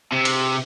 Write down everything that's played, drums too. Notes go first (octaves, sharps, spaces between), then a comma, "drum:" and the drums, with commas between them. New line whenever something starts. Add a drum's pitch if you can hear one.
C3
drum: cymbal